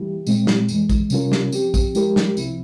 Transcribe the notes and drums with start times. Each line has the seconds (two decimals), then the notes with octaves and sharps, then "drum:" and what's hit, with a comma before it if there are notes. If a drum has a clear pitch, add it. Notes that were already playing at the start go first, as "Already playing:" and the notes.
Already playing: E3 G3 A#3 E4 G4
0.27 A#2 G#3 C4, drum: tambourine
0.47 drum: snare
0.69 F2 E3 G#3, drum: tambourine
0.89 drum: kick, tambourine
1.10 C3 G3 C#4 F4 A#4, drum: tambourine
1.32 drum: snare
1.52 F3 C4 G4, drum: tambourine
1.74 drum: kick, tambourine
1.95 F3 G#3 E4 G4 A#4, drum: tambourine
2.16 drum: snare
2.37 C2 C3 F3 C4 E4, drum: tambourine